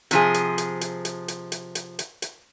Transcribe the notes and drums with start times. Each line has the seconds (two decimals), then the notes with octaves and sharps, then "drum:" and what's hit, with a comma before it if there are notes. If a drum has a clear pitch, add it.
0.11 C3 F3 G#4, drum: hi-hat
0.34 drum: hi-hat
0.58 drum: hi-hat
0.81 drum: hi-hat
1.05 drum: hi-hat
1.28 drum: hi-hat
1.52 drum: hi-hat
1.75 drum: hi-hat
1.99 drum: hi-hat
2.22 drum: hi-hat